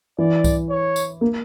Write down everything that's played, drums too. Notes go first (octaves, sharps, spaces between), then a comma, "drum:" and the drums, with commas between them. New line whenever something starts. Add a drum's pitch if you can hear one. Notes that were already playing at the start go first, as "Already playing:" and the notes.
E3 D5
drum: kick C2, tambourine
C#5
drum: tambourine
A#3